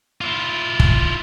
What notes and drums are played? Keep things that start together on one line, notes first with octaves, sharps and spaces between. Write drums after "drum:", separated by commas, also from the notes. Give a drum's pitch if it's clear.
E4 F4
drum: kick